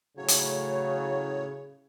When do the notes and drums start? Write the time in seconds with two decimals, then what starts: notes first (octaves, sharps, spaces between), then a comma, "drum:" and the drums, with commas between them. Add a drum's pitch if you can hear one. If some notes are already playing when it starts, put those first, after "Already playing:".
0.17 A2 C#3 F#3 C#5
0.28 drum: hi-hat